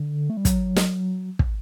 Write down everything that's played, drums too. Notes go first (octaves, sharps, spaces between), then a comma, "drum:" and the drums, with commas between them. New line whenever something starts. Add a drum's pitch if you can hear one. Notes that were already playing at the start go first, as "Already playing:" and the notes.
Already playing: D3
A3
G3
F#3, drum: kick, hi-hat
drum: snare
drum: kick